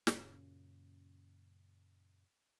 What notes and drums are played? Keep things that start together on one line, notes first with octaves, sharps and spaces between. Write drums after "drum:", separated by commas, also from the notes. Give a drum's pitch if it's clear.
F#2 A#2 C#3 C#4, drum: snare